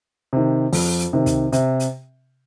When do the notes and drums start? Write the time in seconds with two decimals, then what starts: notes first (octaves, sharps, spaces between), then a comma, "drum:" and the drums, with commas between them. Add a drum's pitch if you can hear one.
0.33 C3 D#3
0.73 F2, drum: open hi-hat
0.99 drum: hi-hat
1.13 C3 D#3
1.26 drum: kick, hi-hat
1.52 C3, drum: hi-hat
1.80 drum: hi-hat